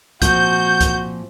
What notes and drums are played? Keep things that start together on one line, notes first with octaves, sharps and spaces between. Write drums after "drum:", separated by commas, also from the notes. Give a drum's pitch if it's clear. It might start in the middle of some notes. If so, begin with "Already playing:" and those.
A#2 F3 C4 F#4 G6, drum: kick C2, hi-hat
drum: kick C2, hi-hat